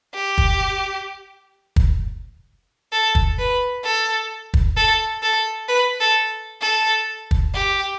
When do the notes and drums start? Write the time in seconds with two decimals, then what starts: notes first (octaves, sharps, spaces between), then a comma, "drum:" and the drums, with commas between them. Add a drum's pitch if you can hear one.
0.15 G4
0.38 drum: kick
1.76 drum: kick
2.92 A4
3.15 drum: kick
3.39 B4
3.84 A4
4.54 drum: kick
4.77 A4
5.23 A4
5.69 B4
6.00 A4
6.61 A4
7.31 drum: kick
7.54 G4